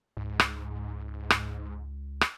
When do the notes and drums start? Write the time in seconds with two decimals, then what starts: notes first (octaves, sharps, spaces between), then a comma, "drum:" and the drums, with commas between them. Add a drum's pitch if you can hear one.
0.17 C#2 G#2
0.40 drum: rim click
1.30 drum: rim click
2.21 drum: rim click